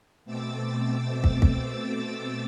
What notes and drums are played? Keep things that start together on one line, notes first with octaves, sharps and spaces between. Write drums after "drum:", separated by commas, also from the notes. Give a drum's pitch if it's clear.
B2 A3 C4 D6 E6 A6
drum: kick
drum: kick